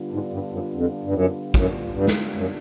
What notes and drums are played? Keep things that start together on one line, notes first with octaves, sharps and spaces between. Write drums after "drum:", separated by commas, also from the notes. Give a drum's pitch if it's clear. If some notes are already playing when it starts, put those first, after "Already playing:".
Already playing: D3 G3 B3 D4 F4
G#2
G2
F#2
F2
G2
F#2
F#2, drum: kick
G2
drum: snare
F#2